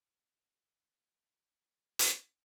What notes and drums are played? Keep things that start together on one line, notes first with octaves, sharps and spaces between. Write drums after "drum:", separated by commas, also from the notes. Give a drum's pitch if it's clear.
D#5 E5 A#5
F#4 G5 D6
drum: hi-hat